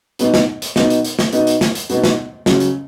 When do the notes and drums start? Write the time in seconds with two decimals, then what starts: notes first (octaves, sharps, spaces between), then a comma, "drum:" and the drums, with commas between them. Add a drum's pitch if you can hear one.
0.19 B2 B3 D#4, drum: hi-hat
0.34 drum: snare
0.62 drum: hi-hat
0.76 B2 B3 D#4, drum: snare
0.90 drum: hi-hat
1.04 drum: hi-hat
1.19 drum: snare
1.33 B2 B3 D#4, drum: hi-hat
1.47 drum: hi-hat
1.61 drum: snare
1.75 drum: hi-hat
1.89 B2 B3 D#4, drum: hi-hat
2.04 drum: snare
2.46 C#3 F#3 C#4, drum: snare
2.60 drum: hi-hat